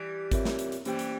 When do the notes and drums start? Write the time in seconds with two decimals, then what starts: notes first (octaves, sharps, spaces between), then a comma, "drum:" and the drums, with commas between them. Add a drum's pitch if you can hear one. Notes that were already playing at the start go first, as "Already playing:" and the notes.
Already playing: E3 G3
0.31 C4 F4 A#4 C#5 E5, drum: kick G#1, hi-hat
0.45 drum: snare
0.59 drum: hi-hat
0.72 drum: hi-hat
0.85 E3 G3 A#3 C#4 G4 C5 G5, drum: hi-hat
0.99 drum: hi-hat